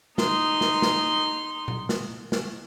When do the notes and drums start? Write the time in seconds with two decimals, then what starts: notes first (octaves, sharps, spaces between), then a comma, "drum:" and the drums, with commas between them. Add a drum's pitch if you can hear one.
0.18 D#4 C6, drum: snare
0.61 drum: snare
0.82 drum: snare
1.68 drum: tom A#2
1.89 drum: snare
2.32 drum: snare